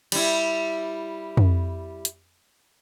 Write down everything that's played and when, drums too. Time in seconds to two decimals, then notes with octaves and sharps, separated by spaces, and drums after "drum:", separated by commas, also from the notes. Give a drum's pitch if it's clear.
0.12 G3 E4, drum: cymbal
1.37 drum: tom F2
2.05 drum: hi-hat